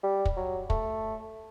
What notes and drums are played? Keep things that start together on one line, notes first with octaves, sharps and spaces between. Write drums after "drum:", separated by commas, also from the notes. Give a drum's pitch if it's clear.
G3
drum: kick
F#3
A3, drum: kick